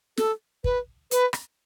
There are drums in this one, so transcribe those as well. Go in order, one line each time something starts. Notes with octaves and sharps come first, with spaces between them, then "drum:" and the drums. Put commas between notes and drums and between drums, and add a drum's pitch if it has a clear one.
A4, drum: snare
B4, drum: kick
B4, drum: hi-hat
drum: rim click